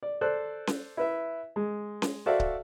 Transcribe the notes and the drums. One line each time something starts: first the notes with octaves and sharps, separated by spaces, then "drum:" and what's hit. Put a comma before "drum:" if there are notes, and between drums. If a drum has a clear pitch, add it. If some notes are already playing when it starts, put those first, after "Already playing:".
D5
A4 C5 D5 F#6
drum: snare C#4
E4 B4 E5
G#3
drum: snare C#4
F#4 A4 C5 D5 E5 F5
drum: kick C#1